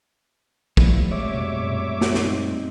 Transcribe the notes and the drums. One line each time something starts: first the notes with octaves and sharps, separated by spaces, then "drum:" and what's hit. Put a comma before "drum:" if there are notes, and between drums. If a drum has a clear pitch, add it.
A#2 F3 G3 A3 B3 E4, drum: kick
G#3 C4 C#5 E5 D6
F2 B2
F#2 A#2
drum: snare
G#3 C4 D#4, drum: snare